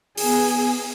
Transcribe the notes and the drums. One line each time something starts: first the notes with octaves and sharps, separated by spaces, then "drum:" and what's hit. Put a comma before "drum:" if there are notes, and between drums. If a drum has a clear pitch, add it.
B3 G#4, drum: open hi-hat